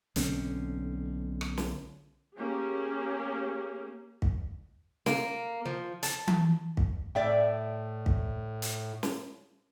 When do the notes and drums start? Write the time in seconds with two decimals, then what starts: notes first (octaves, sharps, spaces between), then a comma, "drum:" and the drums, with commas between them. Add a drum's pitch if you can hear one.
0.16 B1 D3 C4 C#4, drum: hi-hat
1.41 drum: rim click
1.57 drum: snare
2.37 A#3 C#4 G4 G#4
4.22 drum: kick
5.06 A#3, drum: snare
5.65 F3
6.03 A5, drum: hi-hat
6.28 drum: tom E3
6.77 drum: kick
7.15 A2 D5 E5 G5
8.06 drum: kick
8.62 drum: hi-hat
9.03 drum: snare